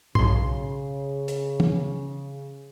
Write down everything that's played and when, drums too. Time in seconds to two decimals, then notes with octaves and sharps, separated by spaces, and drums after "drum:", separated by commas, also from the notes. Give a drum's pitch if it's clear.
0.15 B1 C#3 C6, drum: tom G#2
1.28 drum: hi-hat
1.60 drum: tom